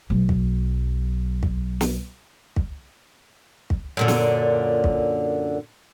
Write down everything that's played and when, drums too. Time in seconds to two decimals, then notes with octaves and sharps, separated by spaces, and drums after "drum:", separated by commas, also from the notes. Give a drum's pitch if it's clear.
0.10 B1 F#3
0.29 drum: kick
1.43 drum: kick
1.81 drum: snare
2.56 drum: kick
3.70 drum: kick
3.97 F#2 A#2 D3
4.08 drum: snare
4.84 drum: kick